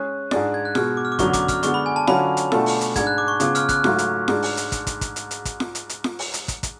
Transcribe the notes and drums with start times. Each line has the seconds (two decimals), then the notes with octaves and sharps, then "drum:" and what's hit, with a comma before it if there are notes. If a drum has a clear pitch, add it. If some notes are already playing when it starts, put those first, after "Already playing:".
Already playing: G#3 C#4 G#4 F#6
0.31 G#2 G#3 D4 G#4 D5, drum: snare F4
0.54 G#6
0.65 F#6
0.75 B2 G#3 B3 F#4 F6, drum: snare F4
0.97 D6
1.05 F6
1.12 D6
1.19 F#2 D3 F#3 B3 C#6, drum: kick, hi-hat
1.33 D6, drum: kick, hi-hat
1.48 F6, drum: kick, hi-hat
1.63 D3 G#3 B3 D4 C#6, drum: hi-hat
1.74 B5
1.86 G#5
1.96 A5
2.07 D3 F#3 C#4 F4 B5, drum: snare F4
2.37 drum: hi-hat
2.52 B2 A3 D4 F4 A4, drum: snare F4
2.66 drum: open hi-hat
2.81 drum: hi-hat
2.96 G#2 G#3 D4 G#6, drum: kick, hi-hat
3.07 F#6
3.18 D6
3.28 C#6
3.40 C#3 G#3 B3 F4 G#4 D6, drum: hi-hat
3.55 F6, drum: hi-hat
3.69 F#6, drum: kick, hi-hat
3.84 G#2 F#3 A3 F4, drum: snare F4
3.98 drum: hi-hat
4.28 G#2 G#3 D4, drum: snare F4
4.43 drum: open hi-hat
4.57 drum: hi-hat
4.72 drum: kick, hi-hat
4.87 drum: kick, hi-hat
5.01 drum: kick, hi-hat
5.16 drum: hi-hat
5.31 drum: hi-hat
5.45 drum: kick, hi-hat
5.60 drum: snare F4
5.75 drum: hi-hat
5.89 drum: hi-hat
6.04 drum: snare F4
6.19 drum: open hi-hat
6.34 drum: hi-hat
6.48 drum: kick, hi-hat
6.63 drum: kick, hi-hat